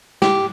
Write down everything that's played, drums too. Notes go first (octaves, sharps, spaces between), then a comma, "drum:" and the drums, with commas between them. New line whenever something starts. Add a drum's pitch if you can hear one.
G4, drum: snare